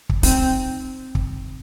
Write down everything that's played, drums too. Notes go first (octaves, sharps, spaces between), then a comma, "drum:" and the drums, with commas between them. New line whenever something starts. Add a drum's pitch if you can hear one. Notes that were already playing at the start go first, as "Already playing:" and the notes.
drum: kick
C4 D#4, drum: hi-hat
drum: kick